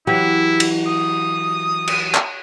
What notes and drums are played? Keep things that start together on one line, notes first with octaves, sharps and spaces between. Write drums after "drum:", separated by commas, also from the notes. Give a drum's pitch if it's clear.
E3 F#3 E4 G4
drum: cymbal
D#6
drum: cymbal
drum: clap